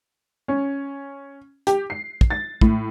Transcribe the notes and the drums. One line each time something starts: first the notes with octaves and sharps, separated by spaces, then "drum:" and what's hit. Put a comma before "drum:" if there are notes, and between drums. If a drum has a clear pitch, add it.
C#4
G4, drum: hi-hat
C7
drum: kick
A6
A2, drum: kick